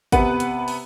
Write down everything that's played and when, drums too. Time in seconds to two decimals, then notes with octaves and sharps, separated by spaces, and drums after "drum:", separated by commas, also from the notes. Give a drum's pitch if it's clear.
0.12 C3 B3 B4 F#5, drum: kick, hi-hat
0.40 drum: hi-hat
0.68 drum: open hi-hat